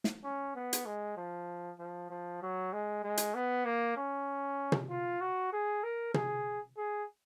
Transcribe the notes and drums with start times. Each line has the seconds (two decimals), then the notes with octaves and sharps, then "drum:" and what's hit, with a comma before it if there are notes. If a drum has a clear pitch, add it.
0.04 drum: snare
0.24 C#4
0.55 B3
0.73 drum: hi-hat
0.86 G#3
1.17 F3
1.79 F3
2.10 F3
2.42 F#3
2.73 G#3
3.04 G#3
3.17 drum: hi-hat
3.35 B3
3.65 A#3
3.97 C#4
4.72 drum: tom
4.90 F4
5.21 F#4
5.53 G#4
5.83 A#4
6.14 G#4, drum: tom
6.77 G#4